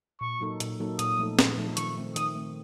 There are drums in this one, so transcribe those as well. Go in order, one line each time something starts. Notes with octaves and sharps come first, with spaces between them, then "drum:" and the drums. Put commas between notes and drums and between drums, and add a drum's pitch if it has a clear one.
A#2 C#6
F#3 A#3 D#4 A4
A#2, drum: hi-hat
F#3 A#3 D#4 A4
A#2 D#6, drum: hi-hat
F3 A3 D#4 A4
A#2, drum: snare
F3 A3 D#4 A4
D#3 C#6, drum: hi-hat
A3 C4
D#3 D#6, drum: hi-hat
A3 C4